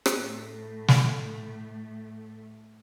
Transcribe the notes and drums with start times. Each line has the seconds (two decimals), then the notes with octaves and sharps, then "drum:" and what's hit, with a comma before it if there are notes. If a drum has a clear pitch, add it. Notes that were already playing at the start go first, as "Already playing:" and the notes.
0.06 drum: rim click
0.15 A2 A3
0.88 drum: snare